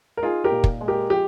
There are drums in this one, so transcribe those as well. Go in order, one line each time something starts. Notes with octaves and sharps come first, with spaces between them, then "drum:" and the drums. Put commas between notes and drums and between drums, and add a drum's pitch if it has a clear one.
A#4
D#4 F4 G#4
G4 A#4
A#2
drum: kick
G#3
G4 A#4
F3 G4